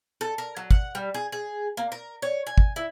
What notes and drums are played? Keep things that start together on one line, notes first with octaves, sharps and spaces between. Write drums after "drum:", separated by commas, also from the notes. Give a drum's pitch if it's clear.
A4
A#4
F#3
F#5, drum: kick
G3
G#4
G#4
A#3
A#4
C#5
G#5
drum: kick
E4